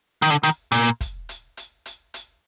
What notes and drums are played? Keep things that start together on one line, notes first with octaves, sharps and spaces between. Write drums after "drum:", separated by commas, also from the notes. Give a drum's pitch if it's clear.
D#3
D3
D#3, drum: hi-hat
A#2, drum: hi-hat
drum: kick, hi-hat
drum: hi-hat
drum: hi-hat
drum: hi-hat
drum: hi-hat